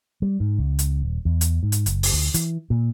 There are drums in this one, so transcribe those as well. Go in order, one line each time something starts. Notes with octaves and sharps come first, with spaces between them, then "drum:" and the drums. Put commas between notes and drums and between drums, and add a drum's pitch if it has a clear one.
G3
G#2
C#2
drum: hi-hat
D#1
E2
drum: hi-hat
G#2
drum: hi-hat
F#1, drum: hi-hat
drum: open hi-hat
D2
E3, drum: hi-hat
A#2